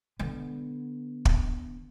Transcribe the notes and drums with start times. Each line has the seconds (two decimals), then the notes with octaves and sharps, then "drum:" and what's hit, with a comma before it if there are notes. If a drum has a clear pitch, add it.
0.19 D3 B3
1.25 drum: kick